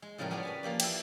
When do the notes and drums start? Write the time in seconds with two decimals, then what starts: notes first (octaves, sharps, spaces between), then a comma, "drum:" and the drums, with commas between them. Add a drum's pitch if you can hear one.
0.02 G#3
0.18 A2 C#3 F3 G3 A#4
0.30 G3 B3 C#4 G#4 D5 F5
0.43 B4 G#5 A5
0.63 F3 A#3 G4 D5
0.80 E4 G4, drum: cymbal